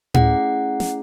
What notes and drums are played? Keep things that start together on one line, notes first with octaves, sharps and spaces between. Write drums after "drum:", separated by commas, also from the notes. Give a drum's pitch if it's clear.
A3 C#4 E4 G#4 F#5, drum: tom A2
drum: snare